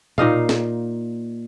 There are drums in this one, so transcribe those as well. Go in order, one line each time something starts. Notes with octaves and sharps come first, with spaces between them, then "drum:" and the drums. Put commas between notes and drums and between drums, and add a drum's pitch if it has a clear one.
A#2 D#4 D#5 F5, drum: tom B2
drum: snare